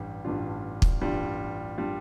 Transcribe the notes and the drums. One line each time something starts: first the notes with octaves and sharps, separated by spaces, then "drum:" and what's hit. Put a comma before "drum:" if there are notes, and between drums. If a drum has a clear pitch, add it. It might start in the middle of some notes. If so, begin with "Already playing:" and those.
Already playing: A1 G2 G3
A1 G2 G3 D4 F4
drum: kick
A1 G2 G3 D4 F4
G3 D4 F4